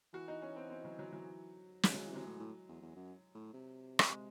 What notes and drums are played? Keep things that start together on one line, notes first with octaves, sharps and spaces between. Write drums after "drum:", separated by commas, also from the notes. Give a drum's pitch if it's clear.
E3 F#4
D#4
C#4
C4
C4
F#3
F#3
F#3
D#3 G#3, drum: snare
C3
C#3 F#3
E3
C3 F#3
A2
A2
E2
E2
F#2
A2
C3
drum: rim click
G#3